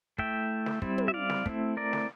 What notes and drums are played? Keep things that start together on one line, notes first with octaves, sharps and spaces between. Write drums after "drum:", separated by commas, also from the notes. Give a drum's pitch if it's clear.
A3 E4 E5 G5, drum: kick
drum: snare
G3 C4 E4, drum: kick
drum: tom
E5
D5 F5
drum: snare
A3 C4 E4, drum: kick
A#4 D5
drum: snare